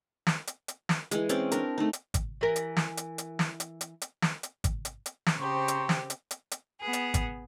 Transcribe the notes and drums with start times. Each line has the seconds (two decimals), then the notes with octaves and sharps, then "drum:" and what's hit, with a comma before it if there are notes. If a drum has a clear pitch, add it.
0.27 drum: snare
0.47 drum: hi-hat
0.68 drum: hi-hat
0.89 drum: snare
1.11 E3 G#3, drum: hi-hat
1.29 C4 C#4 D5, drum: hi-hat
1.52 D4 A#4, drum: hi-hat
1.78 A3 D#4
1.93 drum: hi-hat
2.14 drum: kick G#1, hi-hat
2.41 E3 A#4
2.56 drum: hi-hat
2.77 drum: snare
2.97 drum: hi-hat
3.18 drum: hi-hat
3.39 drum: snare
3.60 drum: hi-hat
3.81 drum: hi-hat
4.01 drum: hi-hat
4.22 drum: snare
4.43 drum: hi-hat
4.64 drum: kick G#1, hi-hat
4.85 drum: hi-hat
5.06 drum: hi-hat
5.26 drum: snare
5.39 C#3 C4 G4 C5 A#5 C#6
5.68 drum: hi-hat
5.89 drum: snare
6.10 drum: hi-hat
6.31 drum: hi-hat
6.51 drum: hi-hat
6.80 B3 G#4
6.93 drum: hi-hat
7.14 drum: kick G#1, hi-hat